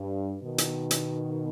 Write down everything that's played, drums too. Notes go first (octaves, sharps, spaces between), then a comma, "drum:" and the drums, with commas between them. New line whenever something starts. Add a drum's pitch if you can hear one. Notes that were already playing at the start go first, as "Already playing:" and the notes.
Already playing: G2
B2 D#3
drum: hi-hat
drum: hi-hat